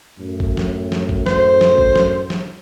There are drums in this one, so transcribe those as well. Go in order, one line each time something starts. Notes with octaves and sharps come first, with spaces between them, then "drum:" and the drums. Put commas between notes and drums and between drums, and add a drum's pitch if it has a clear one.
F#2 A2
drum: kick
drum: snare
drum: snare
drum: kick
C5, drum: snare
drum: snare
drum: kick
drum: snare
drum: snare